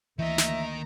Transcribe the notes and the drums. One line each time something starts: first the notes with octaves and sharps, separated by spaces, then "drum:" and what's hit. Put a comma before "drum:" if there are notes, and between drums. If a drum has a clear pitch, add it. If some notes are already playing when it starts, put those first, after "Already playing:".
D2 D#3 E3 A#3 D#5 E5 A#5
drum: snare